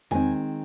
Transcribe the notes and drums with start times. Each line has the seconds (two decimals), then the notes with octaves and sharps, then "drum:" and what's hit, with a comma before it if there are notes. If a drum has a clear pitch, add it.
0.11 D#3 G#3 C4 D#4 G#5, drum: tom E2